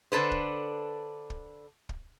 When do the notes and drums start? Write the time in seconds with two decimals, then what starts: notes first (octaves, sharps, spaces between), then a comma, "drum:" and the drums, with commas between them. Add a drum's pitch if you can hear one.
0.12 D3 D4 A4 B4 C5
0.31 drum: kick
1.30 drum: kick
1.89 drum: kick